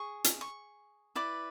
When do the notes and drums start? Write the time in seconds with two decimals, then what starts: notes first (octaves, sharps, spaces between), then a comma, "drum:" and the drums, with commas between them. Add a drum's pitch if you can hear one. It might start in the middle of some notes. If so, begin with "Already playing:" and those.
Already playing: G#4 C#6
0.24 drum: hi-hat
0.41 C#6
1.15 E4 B4 D5 D6